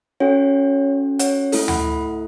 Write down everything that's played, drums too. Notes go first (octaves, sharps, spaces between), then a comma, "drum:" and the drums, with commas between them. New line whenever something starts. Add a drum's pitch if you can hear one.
C#4 F#4 A4 C#5 F#5
C#5 F#5, drum: hi-hat
A3 E4 A4, drum: open hi-hat
F#5 B5, drum: tom D2